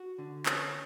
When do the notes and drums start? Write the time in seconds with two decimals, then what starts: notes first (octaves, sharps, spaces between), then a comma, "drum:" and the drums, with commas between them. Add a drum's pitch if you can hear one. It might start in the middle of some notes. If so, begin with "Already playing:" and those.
Already playing: F#4
0.18 D3
0.46 C#4, drum: clap